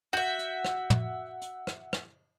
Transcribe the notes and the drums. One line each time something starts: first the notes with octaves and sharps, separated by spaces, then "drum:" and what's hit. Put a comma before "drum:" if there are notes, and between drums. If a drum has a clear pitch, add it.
F#4 E5 F#5 G6
drum: hi-hat
drum: rim click
drum: tom
drum: hi-hat
drum: rim click
drum: rim click